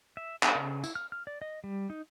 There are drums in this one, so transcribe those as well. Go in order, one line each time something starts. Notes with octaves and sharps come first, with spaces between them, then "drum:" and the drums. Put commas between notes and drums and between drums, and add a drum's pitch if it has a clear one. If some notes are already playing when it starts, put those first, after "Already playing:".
E5
F#5, drum: clap
C#3
E4, drum: tambourine
F6
F6
D5
D#5
G3
D#4